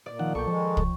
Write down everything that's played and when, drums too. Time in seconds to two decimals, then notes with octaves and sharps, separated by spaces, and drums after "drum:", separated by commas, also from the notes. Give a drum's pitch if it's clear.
0.06 A#2 D5
0.19 D#3 F3 F#5
0.35 B1 A4 G5 C#6
0.47 D#3 F3 G#3
0.77 drum: kick